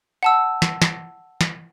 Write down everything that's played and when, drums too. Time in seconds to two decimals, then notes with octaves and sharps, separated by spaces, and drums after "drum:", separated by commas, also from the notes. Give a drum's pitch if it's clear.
0.23 F#5 A5 E6
0.62 drum: snare
0.82 drum: snare
1.41 drum: snare